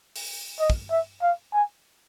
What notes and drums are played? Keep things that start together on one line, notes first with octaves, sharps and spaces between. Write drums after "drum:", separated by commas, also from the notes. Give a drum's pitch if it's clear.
drum: open hi-hat
D#5
drum: kick
E5
F5
G#5